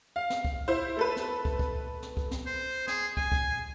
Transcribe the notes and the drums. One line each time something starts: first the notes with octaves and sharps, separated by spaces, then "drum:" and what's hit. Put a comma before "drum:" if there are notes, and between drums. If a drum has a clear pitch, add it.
F5
drum: snare
drum: kick
E4 C5
A3 A4 B4
drum: snare
drum: kick
drum: kick
drum: snare
drum: kick
drum: snare
C5
G#4, drum: snare
G#5, drum: kick
drum: kick